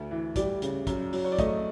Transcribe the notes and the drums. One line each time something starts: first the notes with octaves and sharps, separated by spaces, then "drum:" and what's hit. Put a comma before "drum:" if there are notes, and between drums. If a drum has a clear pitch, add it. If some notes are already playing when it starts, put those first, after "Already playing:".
Already playing: D2
E3
G3 D5, drum: kick, hi-hat
C#3, drum: hi-hat
F#2, drum: kick, hi-hat
F#3, drum: open hi-hat
C#5
D5
A3 D#5, drum: kick, hi-hat